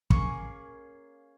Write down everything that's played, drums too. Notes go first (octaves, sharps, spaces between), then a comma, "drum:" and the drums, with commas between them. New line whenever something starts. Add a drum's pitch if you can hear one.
A#3 C#4 G#4 C#6, drum: kick